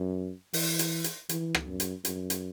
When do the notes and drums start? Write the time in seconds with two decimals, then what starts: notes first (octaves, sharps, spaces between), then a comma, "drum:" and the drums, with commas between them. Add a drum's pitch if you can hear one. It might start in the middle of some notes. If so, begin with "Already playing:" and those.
Already playing: F#2
0.53 E3, drum: open hi-hat
0.79 drum: hi-hat
1.04 drum: hi-hat
1.29 E3, drum: hi-hat
1.55 drum: rim click
1.67 F#2
1.80 drum: hi-hat
2.05 F#2, drum: hi-hat
2.30 drum: hi-hat